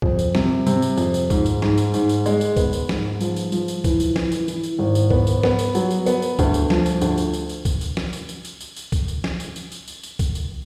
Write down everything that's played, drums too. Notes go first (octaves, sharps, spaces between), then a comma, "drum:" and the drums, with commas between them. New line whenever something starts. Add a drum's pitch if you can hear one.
F2, drum: kick
drum: tambourine
C3, drum: snare
C3, drum: tambourine
drum: tambourine
F2, drum: tambourine
drum: tambourine
G#2, drum: kick, tambourine
drum: tambourine
G#2, drum: snare
drum: tambourine
G#2, drum: tambourine
drum: tambourine
G#3, drum: tambourine
drum: tambourine
B3, drum: kick, tambourine
drum: tambourine
G#2, drum: snare
F3, drum: tambourine
drum: tambourine
F3, drum: tambourine
drum: tambourine
E3, drum: kick, tambourine
drum: tambourine
E3, drum: snare
drum: tambourine
E3, drum: tambourine
drum: tambourine
G#1
drum: tambourine
B3, drum: kick
drum: tambourine
B3, drum: snare
drum: tambourine
F#3, drum: tambourine
drum: tambourine
B3, drum: tambourine
drum: tambourine
D2, drum: kick, tambourine
drum: tambourine
F3, drum: snare
drum: tambourine
D2, drum: tambourine
drum: tambourine
drum: tambourine
drum: tambourine
drum: kick, tambourine
drum: tambourine
drum: snare
drum: tambourine
drum: tambourine
drum: tambourine
drum: tambourine
drum: tambourine
drum: kick, tambourine
drum: tambourine
drum: snare
drum: tambourine
drum: tambourine
drum: tambourine
drum: tambourine
drum: tambourine
drum: kick, tambourine
drum: tambourine